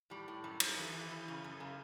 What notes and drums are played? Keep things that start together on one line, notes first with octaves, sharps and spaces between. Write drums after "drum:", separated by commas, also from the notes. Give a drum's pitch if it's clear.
A2 G3
A2
F#2 G3
F#2, drum: cymbal
E3
E3
E3
C#3
F#2
C#3